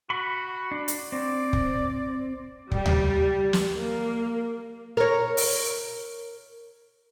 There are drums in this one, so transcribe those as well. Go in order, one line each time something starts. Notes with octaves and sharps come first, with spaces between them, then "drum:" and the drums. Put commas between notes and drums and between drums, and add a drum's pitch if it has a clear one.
F#4 B5 C#6
D4
drum: hi-hat
C4 D5
drum: kick
G3, drum: kick
drum: tom D2
drum: snare
A#3
A#4 C#5
drum: open hi-hat